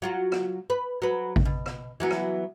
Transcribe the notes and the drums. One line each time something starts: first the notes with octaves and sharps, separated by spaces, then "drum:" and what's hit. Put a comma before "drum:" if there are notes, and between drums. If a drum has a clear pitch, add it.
F#3 F4 F#4
drum: rim click
B4
F#3 B4
drum: kick A1
B2
drum: rim click
E3 F#3 B3
drum: rim click